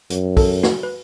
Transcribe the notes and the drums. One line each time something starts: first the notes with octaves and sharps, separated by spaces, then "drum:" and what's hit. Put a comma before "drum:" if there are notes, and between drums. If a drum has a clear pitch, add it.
F#2, drum: hi-hat
A4, drum: kick, open hi-hat
F#4, drum: snare
B4